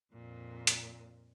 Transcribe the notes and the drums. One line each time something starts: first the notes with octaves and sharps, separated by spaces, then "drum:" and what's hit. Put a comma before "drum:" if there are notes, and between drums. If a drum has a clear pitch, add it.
F2 A#2
drum: hi-hat